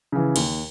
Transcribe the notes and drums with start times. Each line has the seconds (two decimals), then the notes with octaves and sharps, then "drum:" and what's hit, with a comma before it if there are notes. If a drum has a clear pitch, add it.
0.12 C#3 E3
0.36 D#2, drum: cymbal